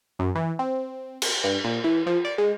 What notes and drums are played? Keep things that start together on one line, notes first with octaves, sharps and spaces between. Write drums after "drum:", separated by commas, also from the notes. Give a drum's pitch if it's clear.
F#2
E3
C4
drum: cymbal
G2
A#2
E3
F3
D5
G#3